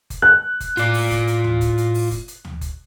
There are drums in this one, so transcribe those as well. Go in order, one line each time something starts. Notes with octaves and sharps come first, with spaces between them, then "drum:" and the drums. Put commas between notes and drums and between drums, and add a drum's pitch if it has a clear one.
drum: kick F#1, hi-hat
F#6
drum: kick F#1, hi-hat
A2 F4 D5, drum: hi-hat
drum: open hi-hat
drum: kick F#1, hi-hat
drum: hi-hat
drum: tom
drum: kick F#1, hi-hat
drum: hi-hat
drum: open hi-hat
drum: kick F#1, hi-hat
drum: hi-hat
drum: tom
drum: kick F#1, hi-hat